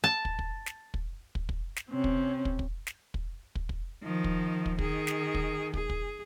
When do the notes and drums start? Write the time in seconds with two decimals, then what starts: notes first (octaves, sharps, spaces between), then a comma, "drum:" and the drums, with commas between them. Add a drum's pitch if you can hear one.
0.04 A5
0.25 drum: kick
0.39 drum: kick
0.66 drum: snare
0.94 drum: kick
1.35 drum: kick
1.49 drum: kick
1.76 drum: snare
1.90 C3 C4 C#4
2.04 drum: kick
2.45 drum: kick
2.59 drum: kick
2.87 drum: snare
3.14 drum: kick
3.55 drum: kick
3.69 drum: kick
4.03 D#3 F3
4.24 drum: kick
4.66 drum: kick
4.79 D#3 G#4, drum: kick
5.07 drum: snare
5.34 drum: kick
5.74 G#4, drum: kick
5.90 drum: kick